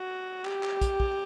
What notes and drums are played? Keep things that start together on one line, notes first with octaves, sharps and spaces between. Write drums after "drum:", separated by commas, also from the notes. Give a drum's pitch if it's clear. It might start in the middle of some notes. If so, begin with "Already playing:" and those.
Already playing: F#4
G4, drum: clap
drum: clap
drum: kick, hi-hat
drum: kick